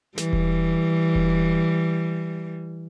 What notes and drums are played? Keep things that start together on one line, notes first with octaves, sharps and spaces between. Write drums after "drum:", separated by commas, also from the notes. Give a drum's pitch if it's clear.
E3 G3, drum: snare
drum: kick E1
drum: kick E1